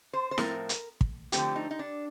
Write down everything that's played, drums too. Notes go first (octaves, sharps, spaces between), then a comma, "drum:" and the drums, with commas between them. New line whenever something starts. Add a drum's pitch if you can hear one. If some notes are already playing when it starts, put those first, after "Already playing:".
C5
C5
A2 F3 A3 C4 A#4, drum: snare E4
drum: hi-hat
drum: kick
D3 F3 A3 C4 G4, drum: hi-hat
D#4
D#4
D4